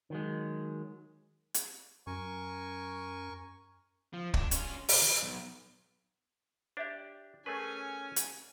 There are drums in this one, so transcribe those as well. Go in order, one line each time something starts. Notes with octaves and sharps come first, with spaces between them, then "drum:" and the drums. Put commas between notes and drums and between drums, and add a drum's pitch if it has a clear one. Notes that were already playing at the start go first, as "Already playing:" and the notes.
D#3 F#3 G#3
drum: hi-hat
F#2 A#4 G#5 C#6
F3
D4, drum: kick
C#4 F4, drum: hi-hat
A#4 D5, drum: open hi-hat
E3
B1
D4 G4 C#5 D5 E5
A3 C#4 G#4 A#4 B4 G#5 C#6
drum: hi-hat